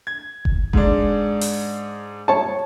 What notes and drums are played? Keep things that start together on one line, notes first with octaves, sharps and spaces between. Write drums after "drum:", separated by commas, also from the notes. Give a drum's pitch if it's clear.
G#6
drum: kick F1
G#2 G#3 D4, drum: kick F1
drum: open hi-hat
C#5 A5